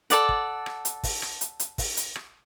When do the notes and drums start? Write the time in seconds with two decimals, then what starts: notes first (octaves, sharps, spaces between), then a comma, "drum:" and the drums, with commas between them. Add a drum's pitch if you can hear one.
0.10 A4 D5 F#5, drum: hi-hat
0.29 drum: kick
0.66 drum: rim click
0.85 drum: hi-hat
1.03 drum: kick, open hi-hat
1.22 drum: rim click
1.41 drum: hi-hat
1.60 drum: hi-hat
1.78 drum: kick, open hi-hat
1.97 drum: hi-hat
2.16 drum: rim click